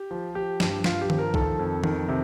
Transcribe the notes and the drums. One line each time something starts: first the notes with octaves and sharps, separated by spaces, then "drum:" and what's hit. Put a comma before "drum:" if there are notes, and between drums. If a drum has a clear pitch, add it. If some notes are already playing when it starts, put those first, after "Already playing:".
Already playing: G4
F3
F3 G4
G2, drum: snare
G2 F4, drum: snare
G4
F3, drum: tom D#3
A#4
D#3 A4, drum: kick B1
F2
D#3, drum: tom D#3
C3